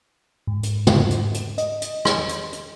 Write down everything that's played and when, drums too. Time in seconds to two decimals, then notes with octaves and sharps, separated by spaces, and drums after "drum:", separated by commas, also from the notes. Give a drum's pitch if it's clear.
0.47 G#2
0.63 drum: hi-hat
0.87 drum: tom
1.11 drum: hi-hat
1.34 drum: hi-hat
1.58 D#5, drum: hi-hat
1.82 drum: hi-hat
2.05 drum: rim click
2.29 drum: hi-hat
2.53 drum: hi-hat